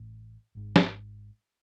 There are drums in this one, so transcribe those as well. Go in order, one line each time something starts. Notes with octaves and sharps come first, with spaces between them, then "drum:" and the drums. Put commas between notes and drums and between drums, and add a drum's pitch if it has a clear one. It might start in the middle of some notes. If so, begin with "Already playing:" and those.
Already playing: A1 A2
G#1 G#2
drum: snare